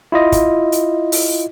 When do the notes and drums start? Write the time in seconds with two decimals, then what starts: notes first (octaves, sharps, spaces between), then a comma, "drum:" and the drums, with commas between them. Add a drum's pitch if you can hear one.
0.12 E4 F4 D#5
0.32 drum: kick, hi-hat
0.72 drum: hi-hat
1.12 drum: open hi-hat